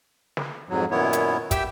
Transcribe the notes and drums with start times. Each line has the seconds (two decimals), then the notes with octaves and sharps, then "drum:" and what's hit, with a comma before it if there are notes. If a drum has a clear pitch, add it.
0.37 drum: snare
0.69 F2 G#2 F#3
0.91 F#2 A#2 D#3 B3 E4 C#5
1.13 drum: hi-hat
1.51 G4 E5 G5 E6, drum: kick, hi-hat